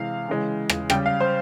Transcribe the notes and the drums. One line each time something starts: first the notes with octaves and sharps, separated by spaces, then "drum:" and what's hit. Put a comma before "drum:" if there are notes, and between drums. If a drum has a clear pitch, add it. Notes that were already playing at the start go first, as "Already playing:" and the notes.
Already playing: C3 E3 G#3 F5
C#3 E3 G#3
drum: rim click
C#3 G3 G5, drum: rim click
F5
C5